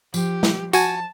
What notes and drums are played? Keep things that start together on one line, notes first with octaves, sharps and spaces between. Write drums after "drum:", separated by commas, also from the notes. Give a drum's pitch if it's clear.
F3 G4, drum: tambourine
drum: snare
F#4 G#5 A5, drum: tambourine